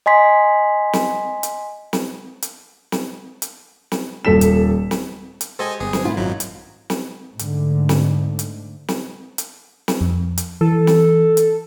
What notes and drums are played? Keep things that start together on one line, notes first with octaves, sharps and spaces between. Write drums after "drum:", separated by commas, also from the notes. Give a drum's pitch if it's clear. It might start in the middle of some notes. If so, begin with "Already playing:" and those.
D#5 G#5 C6 B6
drum: snare
drum: hi-hat
drum: snare
drum: hi-hat
drum: snare
drum: hi-hat
drum: snare
D#1 A4 B6 E7
drum: hi-hat
drum: snare
drum: hi-hat
G#3 G4 A4 C5 D#5 G#5
G1 B3 G#4
F#3 D#4, drum: snare
G#2 A#3 C4 E4 F4
G#1 F#2 F#3
drum: hi-hat
drum: snare
G#2 D3 A3, drum: hi-hat
drum: snare
drum: hi-hat
drum: snare
drum: hi-hat
drum: snare
F2
drum: hi-hat
E3 A4
drum: snare
drum: hi-hat